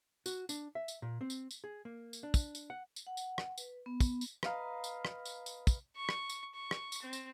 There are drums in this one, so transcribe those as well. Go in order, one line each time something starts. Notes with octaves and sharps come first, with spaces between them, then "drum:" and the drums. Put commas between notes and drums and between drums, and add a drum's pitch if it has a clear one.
F#4, drum: tambourine
D4, drum: tambourine
E5
drum: tambourine
A#2
C4
drum: tambourine
drum: tambourine
G#4
A#3
drum: tambourine
D4
drum: kick, tambourine
drum: tambourine
F#5
drum: tambourine
F#5
drum: tambourine
drum: rim click
B4, drum: tambourine
B3
drum: kick, tambourine
drum: tambourine
B4 D#5 F5 A#5, drum: rim click
drum: tambourine
drum: rim click
drum: tambourine
drum: tambourine
drum: kick, tambourine
C#6
drum: rim click
drum: tambourine
C#6
drum: rim click
drum: tambourine
C4
drum: tambourine